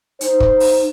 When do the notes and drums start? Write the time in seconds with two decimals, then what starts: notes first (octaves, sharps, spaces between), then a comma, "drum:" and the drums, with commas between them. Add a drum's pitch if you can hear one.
0.21 D#4 C5, drum: hi-hat
0.40 drum: kick
0.60 drum: open hi-hat